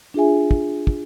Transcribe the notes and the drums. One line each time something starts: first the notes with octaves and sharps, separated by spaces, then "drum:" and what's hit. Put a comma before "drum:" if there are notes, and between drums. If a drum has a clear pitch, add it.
D4 F4 G#4 E5 G#5
drum: kick
drum: kick